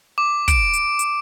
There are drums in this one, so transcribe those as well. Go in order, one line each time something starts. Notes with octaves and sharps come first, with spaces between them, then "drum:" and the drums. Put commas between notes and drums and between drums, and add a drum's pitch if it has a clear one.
D6
D7, drum: kick, hi-hat
drum: hi-hat
drum: hi-hat